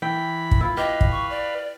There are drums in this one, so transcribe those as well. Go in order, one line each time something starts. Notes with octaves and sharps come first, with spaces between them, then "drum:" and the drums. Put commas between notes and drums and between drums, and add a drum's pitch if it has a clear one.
E3 G5 B5
drum: kick
E4 F4
G4 B4 D#5 F5
drum: kick
C#6
D5